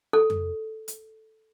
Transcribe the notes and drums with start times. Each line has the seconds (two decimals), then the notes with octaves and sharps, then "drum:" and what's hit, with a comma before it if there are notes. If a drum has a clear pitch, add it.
0.13 A4
0.30 drum: tom F2
0.88 drum: hi-hat